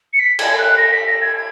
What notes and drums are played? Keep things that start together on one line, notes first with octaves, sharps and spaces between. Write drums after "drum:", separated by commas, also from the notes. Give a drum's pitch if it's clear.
C#7
B6
G#6, drum: cymbal
F#6
A#6
B6
A#6
G#6
G#6